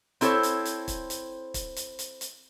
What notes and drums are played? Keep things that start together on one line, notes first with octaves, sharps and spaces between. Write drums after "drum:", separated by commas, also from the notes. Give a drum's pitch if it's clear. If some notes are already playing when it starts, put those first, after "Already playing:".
C4 E4 A4 C5 C#5, drum: hi-hat
drum: hi-hat
drum: hi-hat
drum: kick, hi-hat
drum: hi-hat
drum: kick, hi-hat
drum: hi-hat
drum: hi-hat
drum: hi-hat